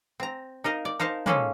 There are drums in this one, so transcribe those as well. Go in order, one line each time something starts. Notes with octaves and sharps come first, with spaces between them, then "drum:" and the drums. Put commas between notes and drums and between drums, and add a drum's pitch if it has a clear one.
C4 A#5
D#4 A#4 D#5 F5
D5
D#4 A#4 C5 F5 A5
G#3 A#3 C#4 F4 A4 D#5, drum: tom